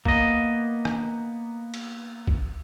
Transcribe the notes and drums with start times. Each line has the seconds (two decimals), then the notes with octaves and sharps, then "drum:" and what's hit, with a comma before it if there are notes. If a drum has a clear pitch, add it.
0.05 A#3 B3 D#5, drum: kick
0.85 drum: rim click
1.74 drum: cymbal
2.27 drum: kick